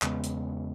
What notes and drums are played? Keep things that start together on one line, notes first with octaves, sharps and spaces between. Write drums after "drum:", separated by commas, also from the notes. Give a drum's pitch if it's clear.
E2 C#3 G#3 B3, drum: clap
drum: hi-hat